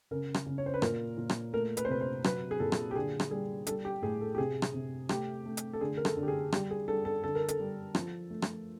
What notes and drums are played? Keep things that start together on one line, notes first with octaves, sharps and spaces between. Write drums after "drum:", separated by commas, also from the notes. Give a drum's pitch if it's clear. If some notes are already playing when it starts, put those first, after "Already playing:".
C#3 A#4
drum: rim click
C#3
C#5
C5
B4
A#2 A#4, drum: rim click
A#2
drum: rim click
A3 A#4
B4, drum: hi-hat
C5
C3 B4
C5
F#3 B4, drum: rim click
G#4
A#2 A4
drum: rim click
G4
D3 G#4
drum: rim click
G3 G#4
G3 A4, drum: hi-hat
G4
A2 G#4
A4
G4
C3 G#4
drum: rim click
C3
A3 G4, drum: rim click
A3
drum: hi-hat
A4
D3 G#4
A#4
A4, drum: rim click
D3
G4
G#4
G3 G4, drum: rim click
G#4
G3 A4
A4
D3 A4
A#4
A4, drum: hi-hat
G3
F3, drum: rim click
A3
drum: rim click